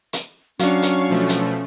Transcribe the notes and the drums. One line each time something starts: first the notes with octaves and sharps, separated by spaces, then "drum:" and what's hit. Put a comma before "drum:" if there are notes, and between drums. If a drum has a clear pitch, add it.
drum: hi-hat
F#3 C#4 D4 F5 C#6, drum: hi-hat
drum: hi-hat
B2 F3 A3
drum: hi-hat